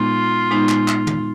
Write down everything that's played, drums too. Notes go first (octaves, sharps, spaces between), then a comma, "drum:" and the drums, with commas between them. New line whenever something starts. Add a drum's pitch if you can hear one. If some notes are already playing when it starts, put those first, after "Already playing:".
Already playing: A#2 G#3 B3 D#4 F4
A#2 G#3 B3 D#4
drum: clap
drum: clap
drum: tom